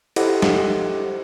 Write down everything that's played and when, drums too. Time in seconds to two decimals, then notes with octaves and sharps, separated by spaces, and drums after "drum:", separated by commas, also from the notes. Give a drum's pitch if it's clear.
0.16 E4 G4 A4 C5 D#5 F#5, drum: cymbal
0.42 drum: snare